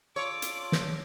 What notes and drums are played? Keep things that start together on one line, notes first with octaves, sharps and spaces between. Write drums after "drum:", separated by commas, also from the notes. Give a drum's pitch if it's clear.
F4 A4 C#5 D5 D6
drum: hi-hat
drum: snare